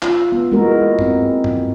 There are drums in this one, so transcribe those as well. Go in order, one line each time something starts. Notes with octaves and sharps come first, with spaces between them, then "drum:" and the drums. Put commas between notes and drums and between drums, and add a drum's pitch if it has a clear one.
F4 E5, drum: clap
B3
G#3 A#3 E4 F#4 A#4
C4, drum: tom G2
drum: tom G2